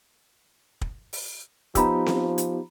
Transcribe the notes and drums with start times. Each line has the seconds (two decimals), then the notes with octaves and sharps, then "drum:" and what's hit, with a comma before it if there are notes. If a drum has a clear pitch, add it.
0.81 drum: kick
1.13 drum: open hi-hat
1.75 F3 B3 D#4 G4 A#5 B5 E6, drum: kick, hi-hat
2.06 drum: snare C4
2.38 drum: hi-hat